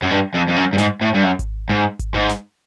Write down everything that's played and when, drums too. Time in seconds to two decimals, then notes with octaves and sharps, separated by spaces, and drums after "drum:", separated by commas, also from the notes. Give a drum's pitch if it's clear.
0.02 F#2
0.11 G2
0.34 F2
0.48 F2
0.56 F#2
0.73 G2
0.78 G#2, drum: snare
1.02 A2
1.15 G2
1.23 F#2
1.39 drum: kick G#1, hi-hat
1.70 G#2
1.99 drum: kick G#1, hi-hat
2.14 G#2
2.29 drum: snare